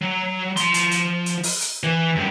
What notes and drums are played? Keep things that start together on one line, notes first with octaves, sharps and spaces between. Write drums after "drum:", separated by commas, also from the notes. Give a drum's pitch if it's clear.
F#3
F3 C6, drum: hi-hat
drum: hi-hat
drum: hi-hat
drum: hi-hat
drum: open hi-hat
drum: hi-hat
E3
F#2 G3